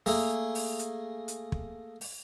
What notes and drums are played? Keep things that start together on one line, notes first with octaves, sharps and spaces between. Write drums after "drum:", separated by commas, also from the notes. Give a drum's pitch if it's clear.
A3 A#3 G#4, drum: open hi-hat
drum: open hi-hat
drum: hi-hat
drum: hi-hat
drum: kick
drum: open hi-hat